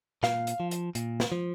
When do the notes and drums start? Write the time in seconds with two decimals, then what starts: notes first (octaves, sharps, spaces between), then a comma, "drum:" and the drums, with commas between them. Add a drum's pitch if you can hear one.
0.23 A#2 F5, drum: snare
0.47 drum: hi-hat
0.60 F3
0.71 drum: hi-hat
0.95 A#2, drum: hi-hat
1.20 drum: snare
1.32 F3